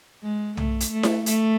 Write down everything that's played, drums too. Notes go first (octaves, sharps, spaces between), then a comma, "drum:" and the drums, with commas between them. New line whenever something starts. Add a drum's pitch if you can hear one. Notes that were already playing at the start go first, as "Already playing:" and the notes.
G#3
A3, drum: tom
drum: hi-hat
A3
drum: snare E4
A3, drum: hi-hat